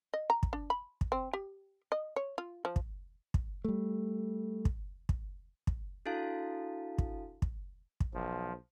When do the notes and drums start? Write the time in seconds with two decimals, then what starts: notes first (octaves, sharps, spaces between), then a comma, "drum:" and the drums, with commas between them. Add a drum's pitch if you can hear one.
0.14 D#5
0.30 A#5
0.43 drum: kick
0.53 D4
0.70 B5
1.01 drum: kick
1.12 C4
1.33 G4
1.92 D#5
2.16 C#5
2.38 F4
2.65 F3
2.76 drum: kick
3.34 drum: kick
3.65 G3 A3
4.65 drum: kick
5.09 drum: kick
5.67 drum: kick
6.06 D4 E4 F#4 A4 F5 A5
6.98 drum: kick
7.42 drum: kick
8.00 drum: kick
8.14 B1 F3